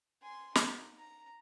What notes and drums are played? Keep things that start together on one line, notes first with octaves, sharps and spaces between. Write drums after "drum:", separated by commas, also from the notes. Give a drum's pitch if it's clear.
G#5 C6
D#4, drum: snare
A#5